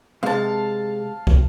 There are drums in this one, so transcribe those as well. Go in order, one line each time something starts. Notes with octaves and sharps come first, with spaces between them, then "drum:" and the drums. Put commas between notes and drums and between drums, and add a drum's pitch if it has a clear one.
C3 G#3 F5 A5
drum: kick